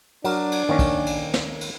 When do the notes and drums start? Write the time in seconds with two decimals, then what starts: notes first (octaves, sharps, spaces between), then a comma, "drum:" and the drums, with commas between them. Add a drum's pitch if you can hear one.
0.24 F#3 D4 A#4, drum: cymbal
0.52 drum: cymbal
0.69 D#3 A#3 C#4
0.79 drum: kick, cymbal
1.06 drum: cymbal
1.34 drum: snare
1.61 drum: cymbal